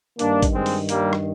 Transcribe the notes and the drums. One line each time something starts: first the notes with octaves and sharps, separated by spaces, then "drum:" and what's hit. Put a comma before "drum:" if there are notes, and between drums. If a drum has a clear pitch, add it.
G2 D#3 A#3 D4, drum: hi-hat
drum: kick, hi-hat
G#3 C4
drum: open hi-hat
G3 A#3, drum: hi-hat
drum: rim click